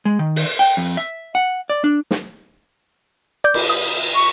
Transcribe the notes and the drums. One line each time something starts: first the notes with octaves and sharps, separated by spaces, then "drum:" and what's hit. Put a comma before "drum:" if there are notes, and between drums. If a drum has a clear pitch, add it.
G#3
D#3
drum: open hi-hat
G5
F2
E5
F#5
D5
D4
drum: snare
D5 D6 G6
drum: cymbal
D#6
drum: cymbal
C#6